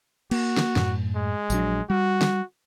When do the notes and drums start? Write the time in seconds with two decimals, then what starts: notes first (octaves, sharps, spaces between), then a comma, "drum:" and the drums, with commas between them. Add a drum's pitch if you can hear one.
0.31 A#3 F#4, drum: cymbal
0.57 drum: snare
0.76 F#2 A2, drum: snare
1.15 G#3
1.50 A#1 F#3 D4, drum: tambourine
1.90 G3 F#4
2.21 drum: snare